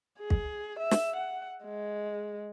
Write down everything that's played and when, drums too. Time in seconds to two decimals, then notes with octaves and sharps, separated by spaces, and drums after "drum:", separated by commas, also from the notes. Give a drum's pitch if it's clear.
0.19 G#4
0.30 drum: kick
0.79 E5
0.91 drum: snare
1.16 F#5
1.65 G#3